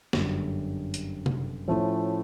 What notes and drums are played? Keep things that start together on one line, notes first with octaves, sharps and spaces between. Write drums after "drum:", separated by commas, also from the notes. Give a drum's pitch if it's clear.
G1 F#2 D3 G3, drum: snare
drum: hi-hat
drum: tom C3
A2 F3 A3 C#4 E4